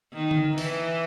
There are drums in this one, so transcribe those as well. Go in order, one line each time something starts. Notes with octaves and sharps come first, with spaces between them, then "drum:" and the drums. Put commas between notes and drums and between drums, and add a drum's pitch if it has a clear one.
D#3
drum: tom D3
E3, drum: open hi-hat